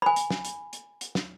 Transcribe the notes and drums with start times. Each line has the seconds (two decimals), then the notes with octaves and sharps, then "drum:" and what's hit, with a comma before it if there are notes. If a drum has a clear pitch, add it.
0.02 G#5 B5
0.16 drum: hi-hat
0.30 drum: snare
0.45 drum: hi-hat
0.73 drum: hi-hat
1.01 drum: hi-hat
1.15 drum: snare